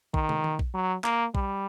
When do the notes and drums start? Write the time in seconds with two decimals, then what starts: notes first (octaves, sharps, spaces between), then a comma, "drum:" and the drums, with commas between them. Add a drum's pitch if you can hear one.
0.14 D#3, drum: kick A#1
0.29 drum: tom
0.44 drum: tom D#3
0.59 drum: kick A#1
0.74 F#3
1.04 A#3, drum: clap
1.35 G3, drum: kick A#1